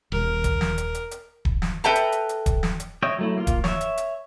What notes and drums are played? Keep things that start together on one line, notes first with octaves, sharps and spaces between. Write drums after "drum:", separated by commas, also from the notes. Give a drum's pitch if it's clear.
D#1 A#4
drum: kick D#1, hi-hat
drum: snare
drum: hi-hat
drum: hi-hat
drum: hi-hat
drum: kick D#1
drum: snare
A4 B4 E5 G5 A5 A#5
drum: hi-hat
drum: hi-hat
drum: hi-hat
drum: kick D#1, hi-hat
drum: snare
drum: hi-hat
C#5 D#5 E5 G5
F#3 A3 E4
A#3 F4
drum: kick D#1, hi-hat
C#5 E5, drum: snare
drum: hi-hat
drum: hi-hat